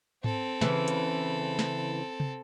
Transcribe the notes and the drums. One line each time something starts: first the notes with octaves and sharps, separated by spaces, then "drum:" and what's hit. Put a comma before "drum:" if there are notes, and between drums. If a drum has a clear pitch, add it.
C4 A4, drum: tom G#2
C#3 E3, drum: snare
drum: hi-hat
drum: snare
drum: tom C3